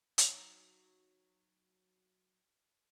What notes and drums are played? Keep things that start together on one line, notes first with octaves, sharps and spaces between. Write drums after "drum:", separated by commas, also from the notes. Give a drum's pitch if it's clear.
F#3 D#4, drum: hi-hat